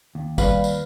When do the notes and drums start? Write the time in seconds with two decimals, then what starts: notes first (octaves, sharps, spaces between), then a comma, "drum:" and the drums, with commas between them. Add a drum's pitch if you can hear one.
0.15 D#2
0.38 G3 B4 F5, drum: kick G#1, tambourine
0.64 drum: tambourine